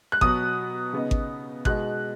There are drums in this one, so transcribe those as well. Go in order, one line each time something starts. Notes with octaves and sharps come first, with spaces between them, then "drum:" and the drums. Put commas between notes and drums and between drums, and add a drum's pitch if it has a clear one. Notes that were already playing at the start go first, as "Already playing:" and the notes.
F#6
B2 F#3 B3 D#6, drum: kick G#1
C#3 B3 D#4
drum: kick G#1
B2 G#3 D#4 F#6, drum: kick G#1